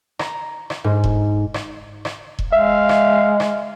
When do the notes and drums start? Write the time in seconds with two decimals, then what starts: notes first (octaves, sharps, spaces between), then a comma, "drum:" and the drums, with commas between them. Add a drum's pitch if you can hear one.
0.19 A#5, drum: rim click
0.70 drum: rim click
0.84 G#2
1.04 drum: kick E1
1.54 drum: rim click
2.05 drum: rim click
2.39 drum: kick E1
2.53 G#3 E5 F5
2.89 drum: rim click
3.40 drum: rim click